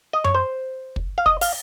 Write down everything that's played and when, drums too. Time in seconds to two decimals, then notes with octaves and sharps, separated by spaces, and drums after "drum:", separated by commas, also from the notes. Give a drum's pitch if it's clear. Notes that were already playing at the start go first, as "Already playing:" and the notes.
0.13 D#5
0.24 C#5, drum: tom F#2
0.35 C5
0.96 drum: kick
1.18 F5
1.26 D#5, drum: kick
1.41 F5, drum: open hi-hat